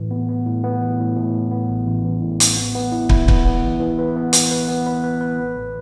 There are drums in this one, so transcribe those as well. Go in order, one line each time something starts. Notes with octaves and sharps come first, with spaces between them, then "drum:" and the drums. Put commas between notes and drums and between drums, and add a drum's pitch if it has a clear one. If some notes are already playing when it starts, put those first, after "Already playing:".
Already playing: A2 E3
B3
B3
A2
B3
E3
A2
A2
A2
B3
A1
A1
E3
A2
A1, drum: hi-hat
B3
B3
E4
E4, drum: kick
B3, drum: kick
B3
E3
E3
B4
B3
E3, drum: hi-hat
B4
B3
B4
B4
B4
A1
A1